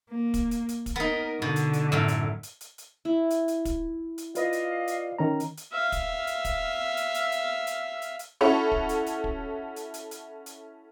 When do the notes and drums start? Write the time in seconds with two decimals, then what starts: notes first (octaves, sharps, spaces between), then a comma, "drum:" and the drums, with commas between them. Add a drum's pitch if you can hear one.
0.10 A#3
0.34 drum: kick, hi-hat
0.51 drum: hi-hat
0.69 drum: hi-hat
0.86 drum: kick, hi-hat
0.96 B3 D#4 A#4
1.42 B2 D3
1.56 drum: hi-hat
1.73 drum: hi-hat
1.92 F#2 A2
2.08 drum: hi-hat
2.43 drum: hi-hat
2.61 drum: hi-hat
2.78 drum: hi-hat
3.05 E4
3.30 drum: hi-hat
3.48 drum: hi-hat
3.65 drum: kick, hi-hat
4.18 drum: hi-hat
4.35 F4 B4 D5 D#5 F5, drum: hi-hat
4.53 drum: hi-hat
4.88 drum: hi-hat
5.19 D#3 C#4 A#5
5.40 drum: hi-hat
5.57 drum: hi-hat
5.72 E5 F5
5.92 drum: kick, hi-hat
6.27 drum: hi-hat
6.45 drum: kick, hi-hat
6.97 drum: hi-hat
7.14 drum: hi-hat
7.32 drum: hi-hat
7.67 drum: hi-hat
8.02 drum: hi-hat
8.19 drum: hi-hat
8.41 C#4 E4 F#4 A4 C#5
8.72 drum: kick
8.89 drum: hi-hat
9.06 drum: hi-hat
9.24 drum: kick
9.76 drum: hi-hat
9.94 drum: hi-hat
10.11 drum: hi-hat
10.46 drum: hi-hat